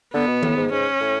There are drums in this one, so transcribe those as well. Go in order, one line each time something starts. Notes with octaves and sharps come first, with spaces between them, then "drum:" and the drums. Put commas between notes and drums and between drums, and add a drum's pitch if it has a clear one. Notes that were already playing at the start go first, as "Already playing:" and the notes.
D3 B3
B2
A2, drum: tom D#3
G#2
G#2 C#4
A2